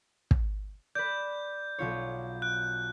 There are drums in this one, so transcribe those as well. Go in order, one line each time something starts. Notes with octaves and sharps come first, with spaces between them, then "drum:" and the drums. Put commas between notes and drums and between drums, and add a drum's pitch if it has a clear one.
drum: kick
B4 D5 G6
B1 F4 C#5
F#6